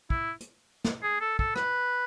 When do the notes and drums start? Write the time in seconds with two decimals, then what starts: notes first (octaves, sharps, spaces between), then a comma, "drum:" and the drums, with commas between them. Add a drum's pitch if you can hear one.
0.10 E4, drum: kick
0.40 drum: hi-hat
0.84 drum: snare
1.03 G#4
1.21 A4
1.39 A4, drum: kick
1.56 B4, drum: rim click